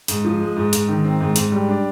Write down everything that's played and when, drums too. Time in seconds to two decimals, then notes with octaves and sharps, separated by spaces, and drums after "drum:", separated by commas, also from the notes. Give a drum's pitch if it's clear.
0.08 G#2, drum: hi-hat
0.25 F3
0.41 G#3
0.56 G#2
0.73 G#2, drum: hi-hat
0.89 D#3
1.04 C4
1.20 G#2
1.36 G#2, drum: hi-hat
1.52 G3
1.68 D4